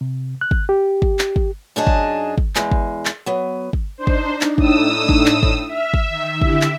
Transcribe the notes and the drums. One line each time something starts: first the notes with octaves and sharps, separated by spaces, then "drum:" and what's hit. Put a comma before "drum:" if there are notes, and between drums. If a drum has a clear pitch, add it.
C3
F#6
drum: kick
G4
drum: kick
drum: clap
drum: kick
F#2 D4 D#4 G#4 D#5 A5
drum: kick
drum: kick
E2 G#3, drum: clap
drum: kick
drum: clap
F#3 B3
drum: kick
D4 D#4 C5
drum: kick
drum: clap
A2 D#6 E6, drum: kick
drum: kick
drum: clap
drum: kick
E5 F6
drum: kick
D#3
D3 E4 G4, drum: kick
drum: clap